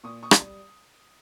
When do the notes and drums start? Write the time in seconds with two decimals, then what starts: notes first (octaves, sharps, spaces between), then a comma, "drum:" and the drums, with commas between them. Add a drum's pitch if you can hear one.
0.04 A#2 C#6 D#6
0.23 C#6 D#6
0.31 G3, drum: rim click